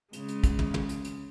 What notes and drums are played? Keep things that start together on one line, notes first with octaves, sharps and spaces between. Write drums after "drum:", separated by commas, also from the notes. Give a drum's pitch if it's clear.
C#3 G#3, drum: hi-hat
drum: hi-hat
drum: kick, hi-hat
drum: tom
drum: tom
drum: hi-hat
drum: hi-hat